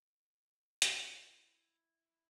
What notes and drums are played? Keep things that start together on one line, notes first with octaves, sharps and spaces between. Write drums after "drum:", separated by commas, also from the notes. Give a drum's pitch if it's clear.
E4, drum: hi-hat